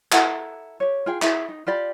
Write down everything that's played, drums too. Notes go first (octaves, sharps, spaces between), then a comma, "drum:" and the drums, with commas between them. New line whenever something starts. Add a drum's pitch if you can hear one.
E4 A4 F#5 A#5, drum: clap
G4 C#5
F4 G#4 G5
E4 G#4, drum: clap
D#4
F4 G4 D5 B5